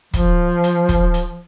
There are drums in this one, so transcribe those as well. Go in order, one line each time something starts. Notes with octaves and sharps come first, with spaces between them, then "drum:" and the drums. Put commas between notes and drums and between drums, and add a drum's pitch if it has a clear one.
F3, drum: kick, hi-hat
drum: hi-hat
drum: kick, hi-hat
drum: hi-hat